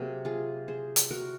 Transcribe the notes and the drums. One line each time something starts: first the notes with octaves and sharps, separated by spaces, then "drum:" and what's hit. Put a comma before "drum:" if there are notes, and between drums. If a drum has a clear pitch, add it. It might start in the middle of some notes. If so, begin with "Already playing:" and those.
Already playing: C3 F#3 A#3 G#4
F4 G#4
G#4 C5
drum: hi-hat
F#4 A#4